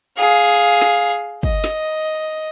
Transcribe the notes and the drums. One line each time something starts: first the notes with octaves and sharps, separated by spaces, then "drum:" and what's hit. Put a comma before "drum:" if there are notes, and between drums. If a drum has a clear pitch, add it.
G#4 F5
drum: snare
D#5, drum: kick
drum: snare